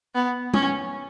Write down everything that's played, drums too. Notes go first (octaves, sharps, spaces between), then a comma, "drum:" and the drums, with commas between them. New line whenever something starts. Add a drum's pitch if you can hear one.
B3
C#4, drum: tom